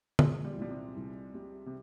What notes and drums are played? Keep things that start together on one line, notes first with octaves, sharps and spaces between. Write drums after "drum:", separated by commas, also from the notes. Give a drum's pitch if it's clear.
A#2 G#3, drum: tom D3
G3
F3
C2 G3
C3
C2
G3
C3